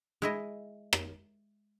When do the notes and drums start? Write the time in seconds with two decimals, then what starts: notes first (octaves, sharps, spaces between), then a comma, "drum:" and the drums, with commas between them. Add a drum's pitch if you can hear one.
0.22 G#3 E4 D#5
0.93 drum: rim click